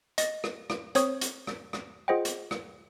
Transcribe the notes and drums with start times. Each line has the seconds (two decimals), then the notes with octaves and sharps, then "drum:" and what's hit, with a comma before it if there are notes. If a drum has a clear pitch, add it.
0.18 D#5 A6 A#6, drum: hi-hat
0.44 drum: rim click
0.70 drum: rim click
0.95 C4 C5 C#5 C#6 D#6, drum: hi-hat
1.21 drum: hi-hat
1.47 drum: rim click
1.73 drum: rim click
2.08 F4 G#4 C5 D#5 F#5 G5
2.25 drum: hi-hat
2.51 drum: rim click